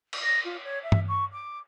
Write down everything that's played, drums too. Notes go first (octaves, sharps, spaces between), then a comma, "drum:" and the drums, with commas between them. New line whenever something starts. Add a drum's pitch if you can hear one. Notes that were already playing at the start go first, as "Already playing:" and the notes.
drum: cymbal
A#6
F4
C#5
E5
drum: tom G2
C#6
D6